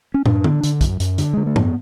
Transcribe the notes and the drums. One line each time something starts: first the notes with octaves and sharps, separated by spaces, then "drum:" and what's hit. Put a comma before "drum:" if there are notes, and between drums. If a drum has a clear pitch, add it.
C#4
F#2 D4, drum: tom
D3, drum: tom D3
D3, drum: hi-hat
F#2, drum: kick, hi-hat
F#2, drum: hi-hat
D3, drum: hi-hat
D3 G#3
A3
F#2 B3, drum: tom G#2